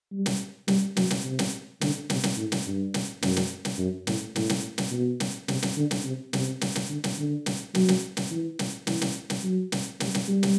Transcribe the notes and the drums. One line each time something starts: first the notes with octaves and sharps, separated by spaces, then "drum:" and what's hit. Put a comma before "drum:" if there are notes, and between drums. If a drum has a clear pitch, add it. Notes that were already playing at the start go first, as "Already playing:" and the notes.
G3
drum: snare
G3, drum: snare
F#3, drum: snare
drum: snare
C3
drum: snare
D3, drum: snare
C3, drum: snare
drum: snare
A2
drum: snare
G2
drum: snare
F#2, drum: snare
drum: snare
drum: snare
F#2
A2, drum: snare
A2, drum: snare
drum: snare
drum: snare
B2
drum: snare
C3, drum: snare
drum: snare
D3
drum: snare
C3
C3, drum: snare
drum: snare
drum: snare
D3
drum: snare
D3
drum: snare
F#3, drum: snare
drum: snare
drum: snare
E3
drum: snare
E3, drum: snare
drum: snare
drum: snare
F#3
drum: snare
G3, drum: snare
drum: snare
G3
drum: snare